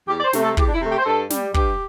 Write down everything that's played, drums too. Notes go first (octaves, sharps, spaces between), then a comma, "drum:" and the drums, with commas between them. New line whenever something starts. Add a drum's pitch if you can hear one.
E2 G4
D5
C5
C3 A3, drum: snare
A4
E2 G4, drum: kick
D4
E4
C3 A3
G4
C5
G2 A4
G3, drum: snare
G2 G4, drum: kick